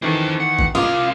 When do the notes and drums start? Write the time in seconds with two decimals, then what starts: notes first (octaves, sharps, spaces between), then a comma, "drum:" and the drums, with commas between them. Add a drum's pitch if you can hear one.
0.02 D#3 E3 C4 A4
0.40 F#5
0.59 drum: kick
0.75 C2 F4 A#4 D6 D#6